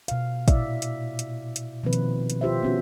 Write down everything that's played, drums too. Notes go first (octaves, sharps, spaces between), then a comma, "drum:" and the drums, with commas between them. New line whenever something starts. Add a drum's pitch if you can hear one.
B2 F5, drum: hi-hat
A#2 E4 D5 E5, drum: kick, hi-hat
drum: hi-hat
drum: hi-hat
drum: hi-hat
B2 D#3 F3 A#3 C4 B4
drum: hi-hat
drum: hi-hat
F4 G4 C5 E5
B3 C#4 F#4